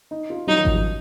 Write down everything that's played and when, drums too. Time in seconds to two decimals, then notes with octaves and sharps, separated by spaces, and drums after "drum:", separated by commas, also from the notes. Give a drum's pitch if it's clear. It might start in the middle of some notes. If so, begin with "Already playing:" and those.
0.11 D#4
0.30 F4
0.47 F#3 D#4
0.56 D#3
0.65 F3, drum: kick G#1
0.74 F#3